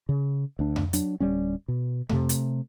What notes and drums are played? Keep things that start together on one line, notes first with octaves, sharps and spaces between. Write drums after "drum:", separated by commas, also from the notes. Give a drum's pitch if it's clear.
C#3
D2 D4
drum: tom F2
F#3 D4, drum: hi-hat
D1 G3 C#4
B2
C3 A3, drum: tom F2
drum: hi-hat